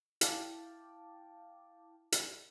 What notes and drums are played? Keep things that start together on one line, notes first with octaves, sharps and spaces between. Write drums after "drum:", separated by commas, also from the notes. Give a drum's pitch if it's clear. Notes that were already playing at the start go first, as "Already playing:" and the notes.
E4 F5 G5 A5 D6, drum: hi-hat
drum: hi-hat